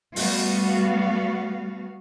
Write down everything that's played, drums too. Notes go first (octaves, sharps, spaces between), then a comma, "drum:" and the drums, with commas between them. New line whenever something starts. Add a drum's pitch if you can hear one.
G3 A3 B3 F#4 F5, drum: open hi-hat